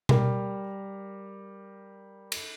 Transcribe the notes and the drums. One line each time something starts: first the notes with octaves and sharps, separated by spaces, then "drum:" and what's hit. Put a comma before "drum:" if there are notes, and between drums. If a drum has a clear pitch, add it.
G3 A#4, drum: tom B2
drum: cymbal